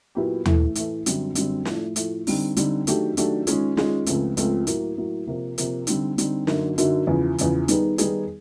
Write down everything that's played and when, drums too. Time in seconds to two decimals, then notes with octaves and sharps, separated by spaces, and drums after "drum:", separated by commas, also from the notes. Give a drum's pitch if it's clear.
0.15 A#2 F#3 B3 E4 G4
0.46 A2 E3 A3, drum: tom D#2
0.75 A2 E3 A3, drum: hi-hat
1.06 F#2 D3 G3 C4, drum: hi-hat
1.35 F#2 D3 G3 C4, drum: hi-hat
1.65 A2 F3 A3, drum: snare
1.96 A2 F3 A3, drum: hi-hat
2.27 D3 G3 C4 D#4, drum: open hi-hat
2.57 D3 G3 C4 D#4, drum: hi-hat
2.87 D#3 F#3 A3 D4 G4, drum: hi-hat
3.17 D#3 F#3 A3 D4 G4, drum: hi-hat
3.47 D#3 G#3 C#4 F4 G#4, drum: hi-hat
3.77 D#3 G#3 C#4 F4 G#4, drum: snare
4.06 C#2 C#3 F3 A3 C4, drum: hi-hat
4.37 C#2 C#3 F3 A3 C4, drum: hi-hat
4.67 A2 F#3 A#3, drum: hi-hat
4.97 A2 F#3 A#3
5.27 C3 F3 A#3
5.58 C3 F3 A#3, drum: hi-hat
5.87 D3 G3 C4 D#4, drum: hi-hat
6.18 D3 G3 C4 D#4, drum: hi-hat
6.47 F#2 D3 F#3 A#3 D#4, drum: snare
6.78 F#2 D3 F#3 A#3 D#4, drum: hi-hat
7.07 E2 C#3 F3
7.38 E2 C#3 F3, drum: hi-hat
7.68 D#3 G3 B3 D#4 G#4, drum: hi-hat
7.98 D#3 G3 B3 D#4 G#4, drum: hi-hat